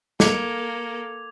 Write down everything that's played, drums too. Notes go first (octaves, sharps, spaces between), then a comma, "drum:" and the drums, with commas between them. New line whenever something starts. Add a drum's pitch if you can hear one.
A#3 A4 D6 G#6 F7, drum: snare